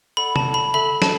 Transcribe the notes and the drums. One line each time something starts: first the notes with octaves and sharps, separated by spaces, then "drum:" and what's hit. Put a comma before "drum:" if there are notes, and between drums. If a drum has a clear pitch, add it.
A4 D5 F#5 B5
A5, drum: tom
B5
A4 E5 B5
A5, drum: snare